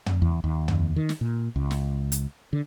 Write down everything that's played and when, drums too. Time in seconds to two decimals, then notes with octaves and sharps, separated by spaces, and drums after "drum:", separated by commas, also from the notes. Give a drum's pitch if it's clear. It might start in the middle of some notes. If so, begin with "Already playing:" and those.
0.06 drum: tom
0.22 E2
0.44 D#2
0.68 drum: tom
0.96 D#3
1.09 drum: snare
1.21 A#2
1.56 C#2
1.71 drum: snare
2.12 drum: hi-hat
2.53 D3